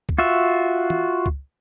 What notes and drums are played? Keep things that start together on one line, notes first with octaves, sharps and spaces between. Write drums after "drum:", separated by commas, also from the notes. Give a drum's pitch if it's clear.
drum: kick C#2
F4 F#4 E5
drum: tom
drum: kick C#2